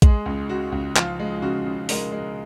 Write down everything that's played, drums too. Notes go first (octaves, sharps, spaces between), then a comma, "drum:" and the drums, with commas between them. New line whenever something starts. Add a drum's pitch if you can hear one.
G#3 G#4, drum: kick, hi-hat
C#2
C#3 F#4
C#2
F3 F4, drum: clap
G#3
C#3 F#4
C#3
G#3 A#4, drum: open hi-hat
G#3